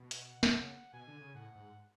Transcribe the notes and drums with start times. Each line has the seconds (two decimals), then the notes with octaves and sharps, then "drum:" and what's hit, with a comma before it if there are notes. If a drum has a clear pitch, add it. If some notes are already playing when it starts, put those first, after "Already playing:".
Already playing: B2
0.11 F#5, drum: hi-hat
0.43 B2, drum: snare
0.52 C#3
0.93 B2 G#5
1.07 D3
1.21 C#3
1.35 A2 F#5
1.56 G#2